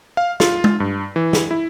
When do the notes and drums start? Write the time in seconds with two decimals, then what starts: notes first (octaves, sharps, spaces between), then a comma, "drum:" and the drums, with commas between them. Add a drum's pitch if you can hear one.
0.17 F5
0.40 F4, drum: snare
0.64 drum: tom
0.80 G2
1.16 E3
1.33 drum: snare
1.51 E4